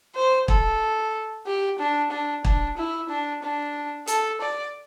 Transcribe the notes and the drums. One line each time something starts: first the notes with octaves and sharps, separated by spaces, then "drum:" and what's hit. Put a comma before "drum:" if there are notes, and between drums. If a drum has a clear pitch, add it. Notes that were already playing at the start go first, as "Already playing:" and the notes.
C5
A4, drum: kick
G4
D4
D4
D4, drum: kick
E4
D4
D4
A4, drum: hi-hat
D5